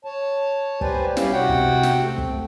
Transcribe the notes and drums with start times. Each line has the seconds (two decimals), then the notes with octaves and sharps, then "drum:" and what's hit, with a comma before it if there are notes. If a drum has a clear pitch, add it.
0.05 C#5 A5
0.81 G4 B4 C5 D5 G#5, drum: kick
1.17 G3 C#4 E4 G4 F5, drum: snare
1.32 C3 F#4 F#5 G5
1.49 drum: kick
1.83 drum: snare
2.01 A3 C4
2.18 drum: kick